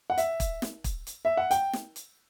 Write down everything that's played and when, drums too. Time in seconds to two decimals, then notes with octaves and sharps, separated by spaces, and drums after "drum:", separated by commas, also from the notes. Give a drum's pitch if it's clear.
0.10 F#5
0.18 E5, drum: hi-hat
0.40 drum: kick, hi-hat
0.62 drum: snare
0.84 drum: kick, hi-hat
1.07 drum: hi-hat
1.25 E5
1.37 F#5
1.51 G5, drum: hi-hat
1.73 drum: snare
1.96 drum: hi-hat